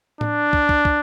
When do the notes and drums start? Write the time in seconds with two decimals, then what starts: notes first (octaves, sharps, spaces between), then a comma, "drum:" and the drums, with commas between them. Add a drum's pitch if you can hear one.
0.21 D4, drum: tom A2
0.53 drum: kick
0.69 drum: kick
0.85 drum: kick